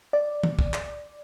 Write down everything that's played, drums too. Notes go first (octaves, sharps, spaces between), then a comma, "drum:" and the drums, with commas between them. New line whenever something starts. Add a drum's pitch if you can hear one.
D5
drum: tom D#3
drum: kick
drum: clap